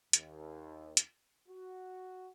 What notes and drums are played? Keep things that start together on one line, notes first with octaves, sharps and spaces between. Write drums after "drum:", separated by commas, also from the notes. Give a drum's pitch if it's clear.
D#2, drum: hi-hat
drum: hi-hat
F#4